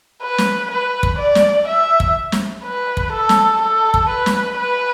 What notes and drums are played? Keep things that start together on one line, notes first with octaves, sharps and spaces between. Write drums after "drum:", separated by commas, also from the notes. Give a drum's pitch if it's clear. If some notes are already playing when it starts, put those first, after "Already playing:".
B4
drum: snare
B4
drum: kick
D5
drum: snare
E5
drum: kick
drum: snare
B4
drum: kick
A4
drum: snare
A4
drum: kick
B4
drum: snare
B4